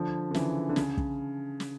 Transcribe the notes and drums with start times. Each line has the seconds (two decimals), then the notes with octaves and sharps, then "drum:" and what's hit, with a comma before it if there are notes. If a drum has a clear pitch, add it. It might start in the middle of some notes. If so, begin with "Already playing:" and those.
Already playing: D3 F3
0.31 D3
0.34 C#3 E3, drum: snare
0.69 D3
0.76 C#3, drum: snare
0.97 drum: kick
1.60 drum: snare